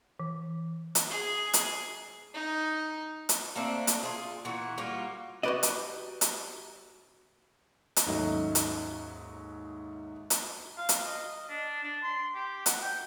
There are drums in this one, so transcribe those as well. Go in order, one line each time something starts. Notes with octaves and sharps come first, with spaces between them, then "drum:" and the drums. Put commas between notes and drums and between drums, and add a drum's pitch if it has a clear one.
E3
drum: hi-hat
G#4
drum: hi-hat
D#4
drum: hi-hat
A3 A#3 C4 D4
drum: hi-hat
F4 G#4
A#2 E3 B3 F#4
G3 A#3 F4 F#4
F#4 G4 B4 D5 D#5
drum: hi-hat
drum: hi-hat
drum: hi-hat
D#2 G#2 F#3 A3 C#4 D#4
drum: hi-hat
drum: hi-hat
F5
drum: hi-hat
D#5
D4
D4
C6
G4
F#5, drum: hi-hat
G5